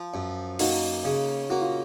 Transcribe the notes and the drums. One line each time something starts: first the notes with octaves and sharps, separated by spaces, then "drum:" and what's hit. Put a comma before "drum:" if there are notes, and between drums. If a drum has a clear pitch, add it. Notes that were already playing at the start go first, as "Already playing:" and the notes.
Already playing: F3
F#2
A#3 D#4 F#4, drum: open hi-hat
C#3
A#3 F#4
F4